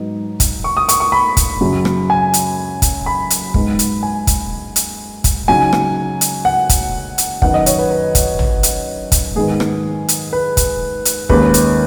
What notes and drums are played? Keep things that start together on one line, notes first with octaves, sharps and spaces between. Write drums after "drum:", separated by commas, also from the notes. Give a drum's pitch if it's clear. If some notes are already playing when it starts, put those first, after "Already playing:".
Already playing: G#2 F#3 B3 D#4
drum: kick, hi-hat
C#6
D#6
C#6, drum: hi-hat
C#6
B5
drum: kick, hi-hat
F#2 C#3 F#3
drum: rim click
G#5
drum: hi-hat
drum: kick, hi-hat
B5
drum: hi-hat
G#2 G#3 B3 D#4, drum: kick
drum: hi-hat
G#5
drum: kick, hi-hat
drum: hi-hat
drum: kick, hi-hat
C#3 F#3 D#4 G#5
drum: rim click
drum: hi-hat
F#5
drum: kick, hi-hat
drum: hi-hat
F#2 D#3 B3 D#4 F#5, drum: kick
D#5
C#5, drum: hi-hat
B4
B4
drum: kick, hi-hat
drum: tom
drum: hi-hat
drum: kick, hi-hat
G#2 D#3 B3 G#4
drum: rim click
drum: hi-hat
B4
drum: kick, hi-hat
drum: hi-hat
D#2 D#3 G#3 C#4 B4, drum: kick
drum: hi-hat